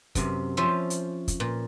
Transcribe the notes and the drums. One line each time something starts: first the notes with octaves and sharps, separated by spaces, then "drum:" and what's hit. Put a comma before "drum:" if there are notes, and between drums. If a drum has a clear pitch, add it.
F#2 C3, drum: kick, hi-hat
F3 C#4 F4 C5 E5
drum: hi-hat
drum: kick, hi-hat
A#2